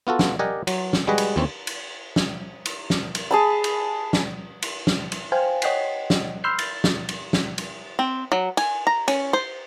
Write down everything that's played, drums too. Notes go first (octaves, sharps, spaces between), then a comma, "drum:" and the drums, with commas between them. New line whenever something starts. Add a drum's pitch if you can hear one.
B3 F4 F#4 A4
drum: snare
G4 A#4 D5 D#5 F#5 G#5
F#3, drum: cymbal
drum: snare
G3 G#3 F#4 G#4 B4 D#5
drum: cymbal
D#2 E3 C4 C#4
drum: cymbal
drum: snare
drum: cymbal
drum: snare
drum: cymbal
G#4 A5 B5
drum: cymbal
drum: snare
drum: cymbal
drum: snare
drum: cymbal
C5 F5 G5 G#5
C#5 D#5 F#5 G5 B6 C7, drum: cymbal
drum: snare
B5 C6 E6 F6 G6 C7
A6, drum: cymbal
drum: snare
drum: cymbal
drum: snare
drum: cymbal
C4
F#3
G#5, drum: cymbal
A#5
C#4, drum: cymbal
C5